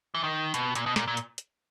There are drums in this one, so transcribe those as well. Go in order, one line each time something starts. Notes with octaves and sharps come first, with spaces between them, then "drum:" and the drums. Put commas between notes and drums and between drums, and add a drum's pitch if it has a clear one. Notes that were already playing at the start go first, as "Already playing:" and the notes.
E3
D#3
B2, drum: hi-hat
A#2, drum: hi-hat
B2
A#2, drum: snare
A#2
drum: hi-hat
drum: hi-hat